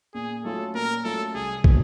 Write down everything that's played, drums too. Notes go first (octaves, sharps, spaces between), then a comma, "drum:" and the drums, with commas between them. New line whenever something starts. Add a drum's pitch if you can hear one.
A#2 G#4
F#3 A3 C#4 F4 A4
A#2 A#4
F#3 A3 C#4 F4 A4
C2 G#4
A#2 F#3 B3 D4, drum: kick